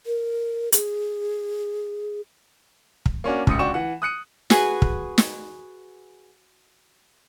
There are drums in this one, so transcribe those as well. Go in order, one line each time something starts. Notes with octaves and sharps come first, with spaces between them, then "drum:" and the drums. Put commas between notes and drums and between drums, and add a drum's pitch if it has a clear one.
A#4
G#4, drum: hi-hat
drum: kick
A#3 C#4 D4 F#4
D1 C#2 D#6 C#7, drum: kick
C#2 D4 F#4 G5 C#6 E7
E3 F#5
D#6 F#6 C#7 D#7
F#4 G#4 B4, drum: snare
drum: kick
drum: snare